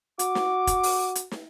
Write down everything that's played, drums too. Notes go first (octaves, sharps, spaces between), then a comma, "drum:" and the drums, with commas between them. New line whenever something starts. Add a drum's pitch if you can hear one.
F#4 D6, drum: hi-hat
drum: snare
drum: kick F1, hi-hat
drum: open hi-hat
drum: hi-hat
drum: snare